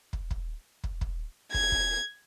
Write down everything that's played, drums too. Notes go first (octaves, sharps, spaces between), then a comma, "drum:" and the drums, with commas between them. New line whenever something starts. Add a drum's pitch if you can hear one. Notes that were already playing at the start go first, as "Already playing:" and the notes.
drum: kick
drum: kick
drum: kick
drum: kick
G#6, drum: kick
drum: kick